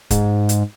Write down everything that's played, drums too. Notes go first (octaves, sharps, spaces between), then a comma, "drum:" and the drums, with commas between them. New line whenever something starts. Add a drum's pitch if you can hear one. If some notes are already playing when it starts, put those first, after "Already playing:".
G#2, drum: kick, hi-hat
drum: hi-hat